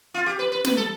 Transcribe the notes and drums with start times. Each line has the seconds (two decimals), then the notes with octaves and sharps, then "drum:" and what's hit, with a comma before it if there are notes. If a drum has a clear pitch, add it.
0.14 F4
0.26 G4
0.39 B4
0.52 B4
0.64 B4, drum: snare
0.77 A4